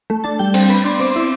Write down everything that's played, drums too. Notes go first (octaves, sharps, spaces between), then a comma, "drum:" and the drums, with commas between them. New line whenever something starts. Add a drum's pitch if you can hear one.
A3
D4 A5
G3 G5
C4, drum: cymbal
B3 B5
D4 C6
C4 D6
E4 C6
D6